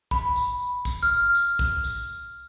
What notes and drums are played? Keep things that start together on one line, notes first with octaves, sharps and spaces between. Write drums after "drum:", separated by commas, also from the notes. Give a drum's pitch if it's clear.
B5, drum: kick
drum: tambourine
drum: kick, tambourine
F6
drum: tambourine
drum: kick
drum: tambourine